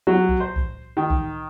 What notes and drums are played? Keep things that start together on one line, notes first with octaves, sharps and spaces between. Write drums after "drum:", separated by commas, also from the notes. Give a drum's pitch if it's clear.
F#3
drum: kick C2
C5
drum: kick C2
D#3
drum: kick C2